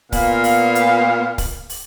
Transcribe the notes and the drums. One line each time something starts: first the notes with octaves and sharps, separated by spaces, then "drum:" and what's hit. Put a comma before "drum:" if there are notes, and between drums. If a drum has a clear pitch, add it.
A#2 B3 F5, drum: kick C#1, open hi-hat
drum: open hi-hat
drum: hi-hat
drum: kick C#1, open hi-hat
drum: open hi-hat